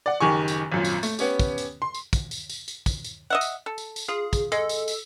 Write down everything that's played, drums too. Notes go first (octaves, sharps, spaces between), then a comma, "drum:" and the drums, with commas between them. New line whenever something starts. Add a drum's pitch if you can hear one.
D5 F#5
F#1 D#3 G4 G#5 C#6
drum: tambourine
G#1 F#2 A#2
drum: tambourine
A3, drum: tambourine
B3 C#4 G4, drum: tambourine
drum: kick, tambourine
drum: tambourine
C6
drum: tambourine
drum: kick, tambourine
drum: tambourine
drum: tambourine
drum: tambourine
drum: kick, tambourine
drum: tambourine
D#5 E5 F#5
drum: tambourine
A4
drum: tambourine
drum: tambourine
F4 G#4
drum: kick, tambourine
G#3 A4, drum: tambourine
drum: tambourine
drum: tambourine